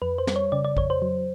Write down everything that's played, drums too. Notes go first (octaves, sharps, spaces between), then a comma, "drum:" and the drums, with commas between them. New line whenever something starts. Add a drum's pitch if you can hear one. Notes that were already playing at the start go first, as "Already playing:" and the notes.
F2 B4
C5
G3, drum: snare
C#5
C#3 D5
D5
F2 C#5, drum: kick
C5
F#3